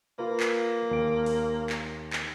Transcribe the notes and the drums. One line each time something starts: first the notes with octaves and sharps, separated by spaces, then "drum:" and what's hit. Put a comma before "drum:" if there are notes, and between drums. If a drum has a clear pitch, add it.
A#3 F4 A#4 B4
drum: clap
D#2 A#4 D7
drum: open hi-hat
drum: clap
drum: clap